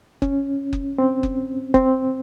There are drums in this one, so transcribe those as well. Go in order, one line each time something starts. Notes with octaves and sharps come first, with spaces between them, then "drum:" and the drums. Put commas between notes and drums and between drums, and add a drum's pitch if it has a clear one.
C#4, drum: kick F#1
drum: kick F#1
C4
drum: kick F#1
C4, drum: kick F#1